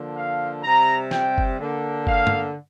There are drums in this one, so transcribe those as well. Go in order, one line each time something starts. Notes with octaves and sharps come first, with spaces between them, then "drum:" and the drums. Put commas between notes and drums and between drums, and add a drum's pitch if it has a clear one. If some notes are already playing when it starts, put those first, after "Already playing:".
Already playing: D3 F3 A#3
F5
C3 G3 C4 A#5
G5, drum: snare
drum: kick F#1
D3 A#3
F5, drum: kick F#1
drum: tom G2